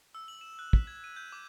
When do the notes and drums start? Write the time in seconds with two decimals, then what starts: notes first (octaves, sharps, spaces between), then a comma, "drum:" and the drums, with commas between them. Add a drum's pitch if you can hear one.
0.15 E6
0.28 F#7
0.41 E7
0.59 F#6
0.73 B6, drum: kick
0.87 G#6
1.04 D#7
1.16 G6
1.32 D6